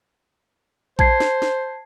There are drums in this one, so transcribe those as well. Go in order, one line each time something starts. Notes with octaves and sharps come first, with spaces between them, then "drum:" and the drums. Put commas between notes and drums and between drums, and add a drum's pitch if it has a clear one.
C5 A5 G#6 C7, drum: kick A#1
drum: snare
drum: snare